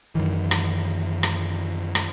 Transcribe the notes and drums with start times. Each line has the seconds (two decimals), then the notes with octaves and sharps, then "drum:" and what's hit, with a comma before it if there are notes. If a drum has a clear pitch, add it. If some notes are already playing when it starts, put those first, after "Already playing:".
0.15 F#2 D#3 E3
0.51 drum: rim click
1.23 drum: rim click
1.95 drum: rim click